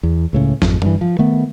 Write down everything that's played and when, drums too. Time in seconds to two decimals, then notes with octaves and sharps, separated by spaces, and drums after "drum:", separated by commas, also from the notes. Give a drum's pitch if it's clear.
0.03 E2
0.33 C#2 A2 C#3
0.62 G#1 F2, drum: snare
0.82 G2 E3, drum: tom F#2
1.01 F3
1.19 D#3 A3 B3